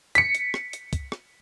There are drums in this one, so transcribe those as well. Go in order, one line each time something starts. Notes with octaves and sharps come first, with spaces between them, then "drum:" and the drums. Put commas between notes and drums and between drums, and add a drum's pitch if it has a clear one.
B6 C#7, drum: hi-hat
drum: hi-hat
drum: rim click
drum: hi-hat
drum: kick, hi-hat
drum: rim click